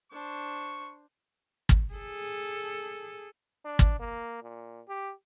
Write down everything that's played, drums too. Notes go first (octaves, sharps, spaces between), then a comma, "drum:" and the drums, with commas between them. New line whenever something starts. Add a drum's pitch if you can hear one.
D4 C5 C#6
drum: kick
G#4 A4
D4
drum: kick
A#3
A#2
G4